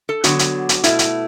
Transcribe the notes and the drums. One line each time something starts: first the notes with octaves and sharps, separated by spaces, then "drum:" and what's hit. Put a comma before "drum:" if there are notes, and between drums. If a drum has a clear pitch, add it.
A4
D3 F#3 B3 F#4, drum: hi-hat
drum: hi-hat
drum: hi-hat
B2 A3 E4, drum: hi-hat
drum: hi-hat